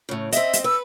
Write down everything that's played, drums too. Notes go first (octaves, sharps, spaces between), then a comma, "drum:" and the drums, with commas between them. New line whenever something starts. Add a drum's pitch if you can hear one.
A2 C#3
C4 D#5 E5, drum: hi-hat
drum: hi-hat
B4 E6